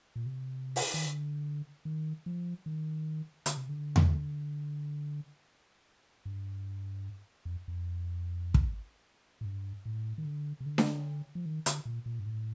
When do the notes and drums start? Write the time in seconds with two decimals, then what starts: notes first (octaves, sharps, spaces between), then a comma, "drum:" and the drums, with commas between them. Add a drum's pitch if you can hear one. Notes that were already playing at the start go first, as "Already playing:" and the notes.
0.16 A#2
0.26 C3
0.76 drum: open hi-hat
0.94 D#3
1.06 D3
1.85 D#3
2.26 F3
2.66 D#3
3.46 D3, drum: hi-hat
3.57 C3
3.69 D3
3.96 drum: tom E2
6.25 G2
7.45 F2
7.68 F2
8.54 drum: kick
9.41 A2
9.45 G2
9.85 A2
10.18 D#3
10.25 D3
10.60 C3
10.66 D3
10.78 drum: snare D4
11.35 F3
11.46 D#3
11.66 D3, drum: hi-hat
11.85 A#2
12.06 A#2
12.19 G2
12.26 A2